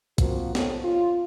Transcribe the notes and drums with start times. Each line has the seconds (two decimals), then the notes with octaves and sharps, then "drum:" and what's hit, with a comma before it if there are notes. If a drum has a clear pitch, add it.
0.18 F3 A#3 C4 F#4, drum: kick, hi-hat
0.55 D#3 C4 A4 C5 C#5, drum: snare
0.84 F4